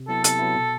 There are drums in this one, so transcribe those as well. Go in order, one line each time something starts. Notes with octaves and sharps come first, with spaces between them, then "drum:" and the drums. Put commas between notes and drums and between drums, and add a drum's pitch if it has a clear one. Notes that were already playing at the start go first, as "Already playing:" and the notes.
Already playing: C3
F#3 B3 E4 A4
C3 A4, drum: hi-hat
F#3 B3 E4
B2